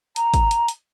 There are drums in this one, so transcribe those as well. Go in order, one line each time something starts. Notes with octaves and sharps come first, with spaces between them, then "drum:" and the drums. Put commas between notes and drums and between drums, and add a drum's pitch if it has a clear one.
A#5, drum: hi-hat
drum: kick G#1, hi-hat
drum: hi-hat
drum: hi-hat